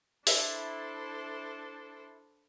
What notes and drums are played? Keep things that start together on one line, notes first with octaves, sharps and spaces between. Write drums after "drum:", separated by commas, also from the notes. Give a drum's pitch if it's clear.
D4 E4 A4 C5, drum: open hi-hat